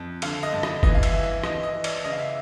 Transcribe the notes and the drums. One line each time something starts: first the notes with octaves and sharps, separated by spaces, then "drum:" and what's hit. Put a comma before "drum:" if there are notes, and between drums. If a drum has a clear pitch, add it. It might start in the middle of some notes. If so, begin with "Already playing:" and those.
Already playing: F2
D3 F5, drum: cymbal
D#5
G2
D#5, drum: rim click
E3 D#5, drum: kick
F5
E5, drum: cymbal
E3
E5
E3 D#5, drum: rim click
D#5
E3
D5, drum: cymbal
C#3 D#5
F5
E5